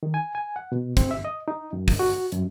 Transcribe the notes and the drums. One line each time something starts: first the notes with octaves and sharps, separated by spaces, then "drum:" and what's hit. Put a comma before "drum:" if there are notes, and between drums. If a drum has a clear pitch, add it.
D#3
G#5
G#5
F#5
B2
C4, drum: kick, hi-hat
E5
D#5
D#4
F#2
drum: kick, open hi-hat
F#4
F#2, drum: hi-hat